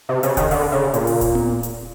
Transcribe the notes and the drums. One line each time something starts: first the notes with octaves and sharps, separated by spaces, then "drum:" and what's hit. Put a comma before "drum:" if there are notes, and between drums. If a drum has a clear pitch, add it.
C3
C#3, drum: hi-hat
D#3, drum: kick D#1, hi-hat
D3, drum: open hi-hat
C#3
A#2, drum: hi-hat
drum: open hi-hat
drum: kick D#1, hi-hat
drum: tom B3
drum: hi-hat